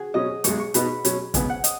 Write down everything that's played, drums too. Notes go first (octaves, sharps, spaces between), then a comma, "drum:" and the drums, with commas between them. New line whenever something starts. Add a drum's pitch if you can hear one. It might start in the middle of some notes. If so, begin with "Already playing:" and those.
Already playing: F#4 G#4
B2 F#3 C#4 D#5
B1 B2 G#3 C#6, drum: hi-hat
C#6
B2 B3 D#4 B5, drum: hi-hat
B2 F#3 C#4, drum: hi-hat
C#2 B2 F#3 B3 G#5, drum: kick, hi-hat
F#5
D#5, drum: hi-hat